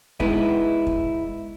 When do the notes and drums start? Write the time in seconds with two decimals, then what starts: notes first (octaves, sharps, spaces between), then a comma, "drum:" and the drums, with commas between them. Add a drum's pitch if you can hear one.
0.20 G#3 B3 D#4 E4, drum: kick
0.87 drum: kick